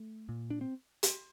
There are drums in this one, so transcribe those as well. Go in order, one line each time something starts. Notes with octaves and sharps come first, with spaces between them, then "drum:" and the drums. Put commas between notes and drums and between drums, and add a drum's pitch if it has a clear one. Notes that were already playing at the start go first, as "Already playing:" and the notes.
Already playing: A3
A#2
D4
C4
drum: hi-hat